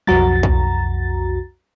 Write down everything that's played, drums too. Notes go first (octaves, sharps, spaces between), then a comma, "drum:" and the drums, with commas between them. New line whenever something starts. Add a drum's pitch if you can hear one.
B1 F2 F#4 A#5 A6, drum: tom F#3
drum: kick